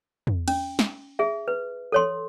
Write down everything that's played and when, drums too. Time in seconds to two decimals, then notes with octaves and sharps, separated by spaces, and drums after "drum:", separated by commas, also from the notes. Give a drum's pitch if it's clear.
0.27 drum: tom
0.48 C#4, drum: cymbal
0.79 drum: snare
1.19 G#4 E5
1.48 B4
1.92 A4 C#5 C6